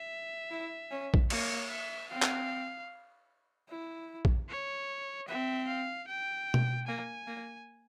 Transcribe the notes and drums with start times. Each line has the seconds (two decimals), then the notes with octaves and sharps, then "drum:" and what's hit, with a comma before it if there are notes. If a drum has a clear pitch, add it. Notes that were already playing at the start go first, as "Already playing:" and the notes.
Already playing: E5
0.51 E4
0.91 C#4
1.14 drum: kick A#1
1.30 A#3 C#5, drum: cymbal
1.70 E5
2.10 C4 F5
2.22 drum: clap
3.69 E4
4.25 drum: kick A#1
4.49 C#5
5.28 C4 E5
5.68 F5
6.08 G5
6.54 drum: tom B2
6.87 A#3 G#5
7.27 A#3